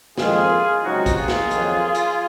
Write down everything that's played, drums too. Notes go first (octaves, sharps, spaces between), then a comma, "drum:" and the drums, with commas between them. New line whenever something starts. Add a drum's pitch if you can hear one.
F2 D#3 G#3 F4 G#4, drum: snare
C#2 C3 F#3 D#4 F#4
drum: kick, hi-hat
F4 G#4
drum: snare
F2 D#3 F#3, drum: hi-hat
drum: hi-hat